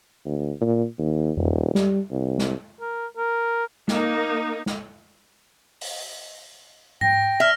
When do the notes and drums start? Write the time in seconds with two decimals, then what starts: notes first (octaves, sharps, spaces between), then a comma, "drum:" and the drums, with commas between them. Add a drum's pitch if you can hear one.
0.25 D2
0.61 A#2
0.98 D#2
1.37 D#1, drum: tom F2
1.75 G3, drum: snare
2.11 C2
2.38 drum: snare
2.81 A#4
3.17 A#4
3.88 A#3 D#4, drum: snare
4.66 drum: snare
5.81 drum: open hi-hat
7.01 G5 A#6, drum: tom G#2
7.40 E5 F6 F7